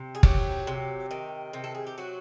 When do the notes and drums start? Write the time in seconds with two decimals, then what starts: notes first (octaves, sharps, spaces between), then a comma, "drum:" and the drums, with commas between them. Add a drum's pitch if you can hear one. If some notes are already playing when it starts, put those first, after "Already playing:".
Already playing: C3
0.15 G#4
0.23 F#3 G4, drum: kick
0.67 C3
1.11 D#3
1.53 C3
1.64 A4
1.75 G#4
1.87 G4
1.98 F#3 F#4